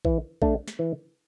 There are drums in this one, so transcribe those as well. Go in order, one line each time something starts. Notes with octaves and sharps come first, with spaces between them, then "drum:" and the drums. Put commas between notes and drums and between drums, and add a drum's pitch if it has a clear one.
E3, drum: kick A#1
A3 D4, drum: kick A#1
drum: snare
E3